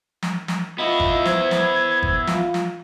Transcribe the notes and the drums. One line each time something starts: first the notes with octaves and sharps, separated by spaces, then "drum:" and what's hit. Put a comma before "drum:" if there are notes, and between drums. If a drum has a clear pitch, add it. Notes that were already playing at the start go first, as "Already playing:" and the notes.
drum: snare
drum: snare
B3 E4 F4 D#5
drum: kick G1
C5 G#6, drum: snare
drum: snare
drum: kick G1
F4, drum: snare
drum: snare